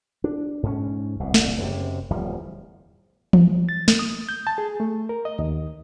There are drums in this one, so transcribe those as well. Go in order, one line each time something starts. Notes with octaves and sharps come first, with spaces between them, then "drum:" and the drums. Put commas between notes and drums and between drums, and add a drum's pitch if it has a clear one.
D4
G#2 C#4
D#1 C2 B2
drum: snare
F#1 F#2 A2 C3
D1 E2 F3 G3
drum: tom E3
A6
drum: snare
D#6
G6
A5
G#4
A3
A#4
D#5
D#2